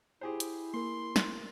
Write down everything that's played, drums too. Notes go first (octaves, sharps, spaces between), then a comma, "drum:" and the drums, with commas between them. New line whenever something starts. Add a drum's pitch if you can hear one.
E4 G4 G#4 C5
drum: hi-hat
A#3 A#4 C6
drum: snare